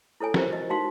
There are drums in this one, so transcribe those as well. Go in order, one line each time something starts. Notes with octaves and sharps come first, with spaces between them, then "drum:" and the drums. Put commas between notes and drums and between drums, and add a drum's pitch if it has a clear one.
E4 A4 C#5 G#5
E4 F#4 G4 A#4 C5 E5, drum: snare
D#5
D#4 F#4 F5 C6